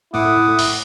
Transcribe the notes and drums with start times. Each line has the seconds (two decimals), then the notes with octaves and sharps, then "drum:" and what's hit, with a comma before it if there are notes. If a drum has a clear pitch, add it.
0.14 A2 A3 E4 F#5 D6 D#6
0.59 drum: open hi-hat